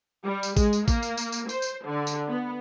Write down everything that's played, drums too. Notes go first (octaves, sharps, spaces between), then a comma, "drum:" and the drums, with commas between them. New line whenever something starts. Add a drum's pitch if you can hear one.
G3
drum: tambourine
G#3, drum: kick A1, tambourine
drum: tambourine
A#3, drum: kick A1, tambourine
drum: tambourine
drum: tambourine
drum: tambourine
C5, drum: tambourine
drum: tambourine
D3
drum: tambourine
B3